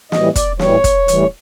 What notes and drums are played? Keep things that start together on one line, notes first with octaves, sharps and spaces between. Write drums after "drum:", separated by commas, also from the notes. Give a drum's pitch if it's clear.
A2 E3 G3 D#5, drum: snare
D5, drum: kick, hi-hat
A2 E3 G3 C#5, drum: snare
drum: kick, hi-hat
A2 E3 G3, drum: hi-hat